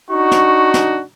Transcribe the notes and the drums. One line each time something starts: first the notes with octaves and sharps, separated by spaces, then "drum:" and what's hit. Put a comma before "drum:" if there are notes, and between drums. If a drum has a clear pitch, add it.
D4 D#4 F#4 C#6
drum: snare
drum: snare